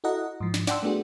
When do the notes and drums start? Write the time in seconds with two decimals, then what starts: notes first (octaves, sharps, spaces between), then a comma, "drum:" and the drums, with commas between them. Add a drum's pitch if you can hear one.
0.04 E4 F#4 A4 D#5 F#5 A#5
0.40 G#2 F3
0.54 drum: snare
0.67 D5 F#5 G5 A5 C6 E6, drum: snare
0.83 A3 B3 D4 F#4 G#4